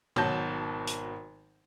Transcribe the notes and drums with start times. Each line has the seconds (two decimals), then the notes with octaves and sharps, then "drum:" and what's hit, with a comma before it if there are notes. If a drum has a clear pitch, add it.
0.16 G#1 B2 F#3 A5 G6, drum: tom
0.87 drum: hi-hat